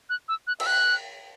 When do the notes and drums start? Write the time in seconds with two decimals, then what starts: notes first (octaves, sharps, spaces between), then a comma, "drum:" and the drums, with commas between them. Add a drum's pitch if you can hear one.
0.10 F#6
0.29 E6
0.47 F#6
0.60 E6, drum: cymbal
0.66 F#6